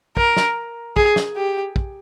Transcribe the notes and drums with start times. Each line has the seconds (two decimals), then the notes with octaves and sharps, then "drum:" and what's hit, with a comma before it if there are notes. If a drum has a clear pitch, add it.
0.17 A#4, drum: kick
0.37 drum: snare
0.97 G#4, drum: kick
1.16 drum: snare
1.36 G4
1.76 drum: kick